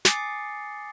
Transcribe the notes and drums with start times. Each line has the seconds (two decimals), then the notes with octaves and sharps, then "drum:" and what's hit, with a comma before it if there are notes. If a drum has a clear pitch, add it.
0.05 G#5 D6 D#6 A6 C7 C#7, drum: snare